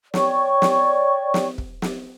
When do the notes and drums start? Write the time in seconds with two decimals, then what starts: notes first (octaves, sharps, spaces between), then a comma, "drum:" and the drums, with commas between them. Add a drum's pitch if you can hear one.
0.14 C#5 D5 G5 C#6, drum: snare
0.62 drum: snare
1.34 drum: snare
1.58 drum: kick
1.82 drum: snare